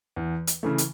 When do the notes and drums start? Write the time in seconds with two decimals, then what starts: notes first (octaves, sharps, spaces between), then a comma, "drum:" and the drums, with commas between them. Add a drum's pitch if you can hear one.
0.16 E2
0.47 drum: hi-hat
0.63 C#3 E3 A3
0.78 drum: hi-hat